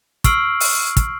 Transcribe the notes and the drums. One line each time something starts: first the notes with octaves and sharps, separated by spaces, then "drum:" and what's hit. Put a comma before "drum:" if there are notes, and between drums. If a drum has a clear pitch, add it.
C#6 E6 F6 C7 D7 F#7, drum: kick, hi-hat
drum: open hi-hat
drum: kick, hi-hat